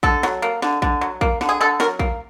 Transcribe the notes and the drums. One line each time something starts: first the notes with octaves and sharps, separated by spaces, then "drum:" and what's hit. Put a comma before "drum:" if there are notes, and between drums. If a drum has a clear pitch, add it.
D3 A4, drum: kick A#1
F#3, drum: snare
A#3
D3, drum: snare
D3, drum: kick A#1
F#3
A#3, drum: kick A#1
D3, drum: snare
G#4
D3 A4
F#3 A#4, drum: snare
A#3, drum: kick A#1